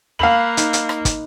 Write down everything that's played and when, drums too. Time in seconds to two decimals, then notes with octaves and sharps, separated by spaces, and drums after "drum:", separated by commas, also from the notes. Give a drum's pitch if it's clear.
0.19 A#3 F5 B5 E6 F#6 F#7
0.57 D#4, drum: hi-hat
0.73 drum: hi-hat
0.89 drum: rim click
1.05 drum: kick, hi-hat